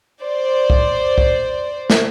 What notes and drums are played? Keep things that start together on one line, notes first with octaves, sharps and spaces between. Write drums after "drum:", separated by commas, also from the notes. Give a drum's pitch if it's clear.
C5 D5
drum: kick B1
drum: kick B1
drum: snare